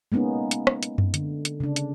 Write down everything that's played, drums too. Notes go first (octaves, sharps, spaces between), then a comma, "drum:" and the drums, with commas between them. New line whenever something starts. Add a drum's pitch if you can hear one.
G#3 A#3 B3 C#4 D#4
drum: hi-hat
drum: rim click
drum: hi-hat
drum: tom F#2
D3, drum: hi-hat
drum: hi-hat
C#3 D4
drum: hi-hat